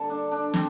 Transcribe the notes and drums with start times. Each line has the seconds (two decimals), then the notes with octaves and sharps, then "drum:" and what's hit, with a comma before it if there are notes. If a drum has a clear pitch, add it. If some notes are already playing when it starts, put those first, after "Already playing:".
Already playing: D3 G3 A#3 A4
0.10 D4
0.31 D4
0.54 C4, drum: snare